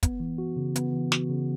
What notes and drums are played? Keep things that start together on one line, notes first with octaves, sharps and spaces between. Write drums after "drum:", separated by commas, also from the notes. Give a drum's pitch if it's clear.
B3, drum: kick, hi-hat
E3
F#4
C#3
B3, drum: hi-hat
E3
F#4, drum: snare
C#3